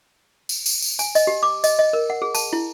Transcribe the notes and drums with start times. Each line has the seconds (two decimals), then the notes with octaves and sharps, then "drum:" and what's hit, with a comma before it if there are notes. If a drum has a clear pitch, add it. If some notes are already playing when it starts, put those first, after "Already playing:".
0.49 drum: tambourine
0.66 drum: tambourine
0.82 drum: tambourine
0.99 G#5, drum: tambourine
1.15 D#5, drum: tambourine
1.27 G4
1.43 D6
1.64 D#5, drum: tambourine
1.79 D#5
1.93 A#4
2.10 F#5
2.22 G#4
2.35 A5, drum: tambourine
2.53 E4